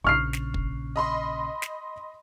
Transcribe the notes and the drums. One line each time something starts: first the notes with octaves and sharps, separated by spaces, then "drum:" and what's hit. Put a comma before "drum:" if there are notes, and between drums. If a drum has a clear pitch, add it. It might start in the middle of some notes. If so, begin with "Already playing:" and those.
A#1 C#3 C#6 F6 C7
drum: snare
drum: kick
D#5 B5 C6
drum: snare